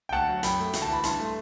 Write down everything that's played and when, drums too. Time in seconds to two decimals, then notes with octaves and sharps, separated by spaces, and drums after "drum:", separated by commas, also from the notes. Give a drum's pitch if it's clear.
0.09 G5
0.13 D2 F#5 A5
0.29 F#3
0.43 F#2 G5 B5, drum: hi-hat
0.59 A3
0.73 D2, drum: hi-hat
0.82 A5
0.88 E3 B5
1.03 G2 A5 C6, drum: hi-hat
1.19 A3
1.25 C6